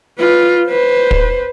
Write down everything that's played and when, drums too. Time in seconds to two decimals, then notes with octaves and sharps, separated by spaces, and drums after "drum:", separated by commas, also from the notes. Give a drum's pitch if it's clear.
0.19 F4 B4
0.68 B4 C5
1.11 drum: kick